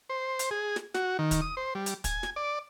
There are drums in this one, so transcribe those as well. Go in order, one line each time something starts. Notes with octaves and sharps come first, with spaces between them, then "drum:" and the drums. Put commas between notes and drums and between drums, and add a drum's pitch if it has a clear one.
C5
drum: hi-hat
G#4
drum: snare
F#4, drum: snare
D#3
drum: kick, hi-hat
D#6
C5
G3
drum: hi-hat
G#5, drum: kick, hi-hat
drum: snare
D5